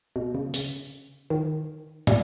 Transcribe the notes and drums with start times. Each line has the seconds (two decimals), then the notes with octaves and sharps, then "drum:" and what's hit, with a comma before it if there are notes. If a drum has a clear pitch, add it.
0.16 B2
0.34 C#3
0.54 C#3, drum: hi-hat
1.30 D#3
2.07 G3, drum: tom